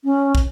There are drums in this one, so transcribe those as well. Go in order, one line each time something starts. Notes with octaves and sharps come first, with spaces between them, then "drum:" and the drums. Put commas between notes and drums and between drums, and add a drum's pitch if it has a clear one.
C#4
drum: kick